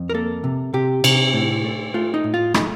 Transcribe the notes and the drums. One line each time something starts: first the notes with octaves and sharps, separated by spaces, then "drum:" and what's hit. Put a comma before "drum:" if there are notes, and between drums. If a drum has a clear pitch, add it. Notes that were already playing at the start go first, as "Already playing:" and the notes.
Already playing: F2
A#4
A#3 A4
C3
C3 G4
C3, drum: cymbal
A2
A3
A3 F4
D#4
A2
F4
A3 D#4, drum: rim click